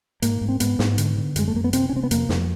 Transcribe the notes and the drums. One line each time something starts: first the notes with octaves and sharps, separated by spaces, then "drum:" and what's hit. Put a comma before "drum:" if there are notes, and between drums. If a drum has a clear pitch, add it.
G#2 A#3, drum: hi-hat
G#2
C4
G#2 B3, drum: hi-hat
G#2, drum: snare
D3, drum: hi-hat
D3
F#2 G#3, drum: hi-hat
A3
F#2 A#3
B3
C3 C4, drum: hi-hat
C#4
C3 C4
B3
F2 A#3, drum: hi-hat
F2, drum: snare